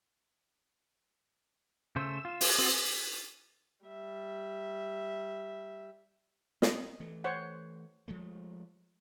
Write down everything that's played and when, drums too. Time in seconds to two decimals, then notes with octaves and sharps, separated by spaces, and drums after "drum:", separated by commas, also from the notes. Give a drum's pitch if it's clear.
1.96 C#3 A3 C5 E6
2.25 F4
2.41 drum: open hi-hat
2.58 C4 F#4 A5 D#6
3.85 G3 E5
6.62 C4 D#5, drum: snare
7.00 E3 A3
7.24 C5 C#5 F#5
8.08 F3 G#3 A3